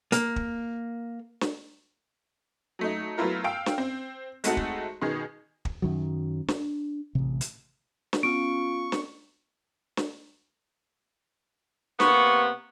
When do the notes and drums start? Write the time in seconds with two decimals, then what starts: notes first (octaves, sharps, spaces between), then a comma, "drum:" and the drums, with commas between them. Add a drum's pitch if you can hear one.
0.12 A#3, drum: hi-hat
0.36 drum: kick
1.41 drum: snare
2.79 F#3 A3 D#4
3.18 F#3 A3 B3 E4 F4 A#4
3.44 F5 G5 E6 D7
3.66 drum: snare
3.78 C4
4.44 G#3 A3 C4 D#4 F#4 A4, drum: hi-hat
4.57 drum: kick
5.02 B2 D#3 G#4
5.65 drum: kick
5.82 F#2 D#3 F#3
6.48 D4, drum: snare
7.15 A1 C3
7.41 drum: hi-hat
8.13 drum: snare
8.23 B3 C#4 F4 C#6 D7
8.92 drum: snare
9.97 drum: snare
12.00 C3 A#3 B3 C#6, drum: snare